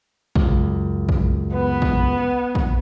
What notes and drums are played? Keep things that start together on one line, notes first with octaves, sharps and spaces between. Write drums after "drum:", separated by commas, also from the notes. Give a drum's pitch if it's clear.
C#2 F#2, drum: kick
drum: kick
B3 B4
drum: kick
drum: kick